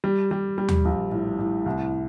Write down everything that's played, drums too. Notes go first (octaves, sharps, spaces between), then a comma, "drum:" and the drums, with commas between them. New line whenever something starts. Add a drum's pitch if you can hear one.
G3
G3
G3
drum: tom
A#1
A2
A2
C2